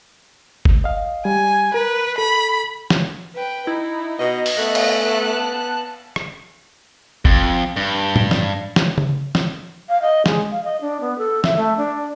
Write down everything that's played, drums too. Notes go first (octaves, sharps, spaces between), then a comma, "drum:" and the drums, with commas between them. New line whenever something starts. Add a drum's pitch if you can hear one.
drum: kick G1
D#5 F5
G3 G#5
A#4 B4
A4 B5
drum: snare
B4 G5
D#4 E4
B2 D#5
drum: open hi-hat
A3 B3 F#6
drum: cymbal
A5
drum: rim click
F2, drum: kick G1
G2
drum: tom A2
drum: snare
drum: snare
drum: tom C#3
drum: snare
F5
D#5
G#3, drum: snare
F5
D#5
D4
B3
A4
E5, drum: snare
A3
D4